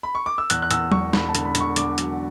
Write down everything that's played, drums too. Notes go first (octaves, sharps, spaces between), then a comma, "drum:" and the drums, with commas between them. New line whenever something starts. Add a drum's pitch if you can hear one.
B5
C#6
D6
E6
E2 F#6, drum: hi-hat
F#6
E2 E6, drum: hi-hat
E1 C#6, drum: tom
E1 B5, drum: snare
A5
D3, drum: hi-hat
B5
D3, drum: hi-hat
C#6
D3 D6, drum: hi-hat
F#3, drum: hi-hat